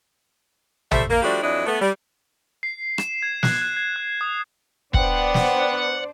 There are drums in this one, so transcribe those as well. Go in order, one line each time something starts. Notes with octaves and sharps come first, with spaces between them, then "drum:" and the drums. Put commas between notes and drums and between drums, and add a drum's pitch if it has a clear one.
G3 A3 C5 E5, drum: tom
A#3
F3 G3 A3 D4 F#4 G4
F2 E3 F#3 D4 E4 D#5
A3 B3
G3
C7
E7, drum: rim click
G#6
F#6, drum: snare
F#6
G#6
F#6
D#6
B3 D4 C5 D5 F#5 G5, drum: kick
drum: snare